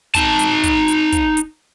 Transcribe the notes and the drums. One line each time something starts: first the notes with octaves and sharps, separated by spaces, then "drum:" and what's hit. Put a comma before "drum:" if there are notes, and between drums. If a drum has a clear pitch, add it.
D#4 A5, drum: kick, hi-hat
drum: hi-hat
drum: kick, hi-hat
drum: hi-hat
drum: kick, hi-hat
drum: hi-hat